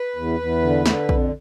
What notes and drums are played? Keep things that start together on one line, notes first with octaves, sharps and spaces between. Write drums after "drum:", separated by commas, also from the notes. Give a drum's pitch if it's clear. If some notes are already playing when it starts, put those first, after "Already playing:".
Already playing: B4
E2
E2
D3
D3, drum: snare
F2, drum: kick A#1